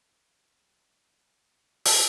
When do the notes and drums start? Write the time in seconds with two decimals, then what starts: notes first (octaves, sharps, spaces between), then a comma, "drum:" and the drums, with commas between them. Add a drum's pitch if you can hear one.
0.02 G3 G#3 A#4 C5 E5
1.85 drum: open hi-hat